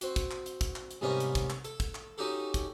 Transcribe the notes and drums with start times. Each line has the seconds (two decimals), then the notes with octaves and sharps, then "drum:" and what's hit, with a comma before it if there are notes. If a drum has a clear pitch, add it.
0.01 C4 F#4, drum: hi-hat
0.16 drum: kick, hi-hat
0.31 drum: clap
0.46 drum: hi-hat
0.61 drum: kick, hi-hat
0.76 drum: clap
0.91 drum: hi-hat
1.01 G#2 C3 G3 A#3 B3 C#4
1.20 drum: hi-hat
1.35 drum: kick, hi-hat
1.50 drum: clap
1.64 A4, drum: hi-hat
1.80 drum: kick, hi-hat
1.95 drum: clap
2.18 C#4 D#4 F#4 G4 A4
2.54 drum: kick, hi-hat